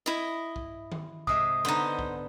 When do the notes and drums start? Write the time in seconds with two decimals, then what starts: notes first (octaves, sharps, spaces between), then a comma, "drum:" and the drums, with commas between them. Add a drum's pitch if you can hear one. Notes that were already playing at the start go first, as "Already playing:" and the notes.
0.06 E4 D#5
0.56 drum: kick
0.92 drum: tom D#3
1.27 C3 G#3 E5 D#6, drum: kick
1.65 D3 B3 D#4 C5
1.99 drum: kick